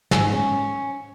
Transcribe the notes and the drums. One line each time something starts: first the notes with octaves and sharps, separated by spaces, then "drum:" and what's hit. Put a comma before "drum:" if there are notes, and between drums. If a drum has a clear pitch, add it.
G#2, drum: snare
C#4